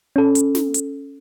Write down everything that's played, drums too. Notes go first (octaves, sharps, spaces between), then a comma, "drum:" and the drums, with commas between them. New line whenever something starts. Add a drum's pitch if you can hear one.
C#4 A4
drum: hi-hat
drum: snare
drum: hi-hat